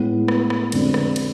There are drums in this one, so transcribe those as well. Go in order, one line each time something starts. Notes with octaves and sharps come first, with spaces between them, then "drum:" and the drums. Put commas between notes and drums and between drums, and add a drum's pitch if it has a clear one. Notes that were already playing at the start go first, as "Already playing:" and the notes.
Already playing: A2 G#3 B3 E4
drum: rim click
drum: rim click
F2 D3 G#3 C4, drum: cymbal
drum: rim click
drum: cymbal